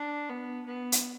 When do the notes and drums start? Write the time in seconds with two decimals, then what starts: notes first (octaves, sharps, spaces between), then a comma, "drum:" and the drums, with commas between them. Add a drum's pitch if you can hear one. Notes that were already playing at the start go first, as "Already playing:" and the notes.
Already playing: D4
0.29 B3
0.66 B3
0.92 drum: hi-hat